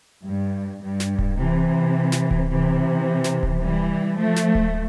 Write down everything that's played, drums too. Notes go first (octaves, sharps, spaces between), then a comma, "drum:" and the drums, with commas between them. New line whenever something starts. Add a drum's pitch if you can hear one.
G2
G2
drum: snare
drum: kick D1
C3 E3
drum: snare
drum: kick D1
C3 E3
drum: snare
drum: kick D1
E3 G3
F3 A3
drum: snare
drum: kick D1